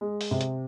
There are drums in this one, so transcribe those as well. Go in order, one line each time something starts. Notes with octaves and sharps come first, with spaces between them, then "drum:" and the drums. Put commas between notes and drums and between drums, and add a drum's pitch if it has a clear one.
G#3
drum: open hi-hat
C3
drum: hi-hat